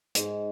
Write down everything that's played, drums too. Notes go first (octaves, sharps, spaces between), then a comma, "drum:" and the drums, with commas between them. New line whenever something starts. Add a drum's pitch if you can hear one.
G#2, drum: hi-hat